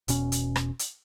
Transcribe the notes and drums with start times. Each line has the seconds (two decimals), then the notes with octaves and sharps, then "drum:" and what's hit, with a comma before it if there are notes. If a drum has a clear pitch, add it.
0.08 E1 B2 C#4, drum: hi-hat
0.32 drum: hi-hat
0.56 drum: rim click
0.79 drum: hi-hat